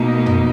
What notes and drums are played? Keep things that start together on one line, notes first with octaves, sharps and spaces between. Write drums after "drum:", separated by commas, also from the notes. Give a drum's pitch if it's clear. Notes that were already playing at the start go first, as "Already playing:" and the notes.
Already playing: B2 A#3 D#4
drum: tom